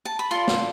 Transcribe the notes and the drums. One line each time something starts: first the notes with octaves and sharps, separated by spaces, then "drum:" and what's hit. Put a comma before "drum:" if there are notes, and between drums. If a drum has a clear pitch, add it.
A5
B5
F4 A4 D5 C6
drum: snare